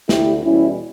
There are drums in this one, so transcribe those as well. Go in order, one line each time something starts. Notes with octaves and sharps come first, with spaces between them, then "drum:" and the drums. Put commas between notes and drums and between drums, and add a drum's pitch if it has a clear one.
D2 D3 A3 E4 G4, drum: snare
E2 B2 G3 C#4 E4